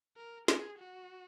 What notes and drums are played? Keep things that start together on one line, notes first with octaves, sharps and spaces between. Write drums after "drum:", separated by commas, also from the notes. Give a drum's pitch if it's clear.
A#4
G#4, drum: snare
F#4